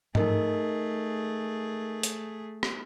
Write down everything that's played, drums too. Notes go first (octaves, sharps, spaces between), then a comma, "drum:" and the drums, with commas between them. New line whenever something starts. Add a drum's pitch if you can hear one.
A3 D#4 G#4 A#4 D#5, drum: tom G#2
drum: hi-hat
drum: rim click